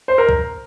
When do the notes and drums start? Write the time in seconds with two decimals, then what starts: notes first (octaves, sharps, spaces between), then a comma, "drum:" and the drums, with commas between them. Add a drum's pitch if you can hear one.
0.08 C5
0.18 A#4
0.29 drum: kick